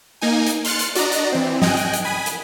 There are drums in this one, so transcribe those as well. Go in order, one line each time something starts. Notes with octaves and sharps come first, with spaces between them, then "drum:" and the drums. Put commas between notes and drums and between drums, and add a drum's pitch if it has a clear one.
A#3 D#4 G#5
drum: hi-hat
C6 F6 F#6 A6 C#7, drum: hi-hat
drum: hi-hat
D4 F#4 D5 D#5 A#5, drum: hi-hat
drum: hi-hat
E3 C4
D#5 G5 G#5 F#6, drum: snare
drum: hi-hat
drum: hi-hat
G#5 B5 D#6
drum: hi-hat